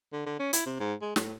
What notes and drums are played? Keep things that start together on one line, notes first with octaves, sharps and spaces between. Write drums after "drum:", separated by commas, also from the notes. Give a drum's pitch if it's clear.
D3
D3
C#4
E4, drum: hi-hat
C3
G#2
G#3
A2, drum: snare